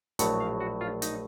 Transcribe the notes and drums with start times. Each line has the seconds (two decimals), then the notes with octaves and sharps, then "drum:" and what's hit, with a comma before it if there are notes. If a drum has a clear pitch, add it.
0.19 A#1 A2 F#3 F#5, drum: hi-hat
0.40 F5
0.60 F#4
0.81 F4
1.02 D#4, drum: hi-hat